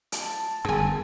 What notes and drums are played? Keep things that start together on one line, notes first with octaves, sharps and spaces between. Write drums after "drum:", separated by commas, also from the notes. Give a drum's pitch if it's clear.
drum: hi-hat
A5
G1 F#2 G#4 G#5